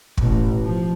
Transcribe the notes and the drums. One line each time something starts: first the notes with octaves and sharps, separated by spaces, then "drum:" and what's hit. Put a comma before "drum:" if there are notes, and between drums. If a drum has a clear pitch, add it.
A1 B2, drum: kick
F3